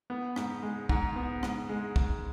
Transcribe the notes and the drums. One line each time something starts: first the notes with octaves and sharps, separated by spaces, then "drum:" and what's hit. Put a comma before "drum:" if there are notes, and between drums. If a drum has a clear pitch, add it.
B3
G#2, drum: rim click
G#3
G#2, drum: kick
B3
G#2, drum: rim click
G#3
G#2, drum: kick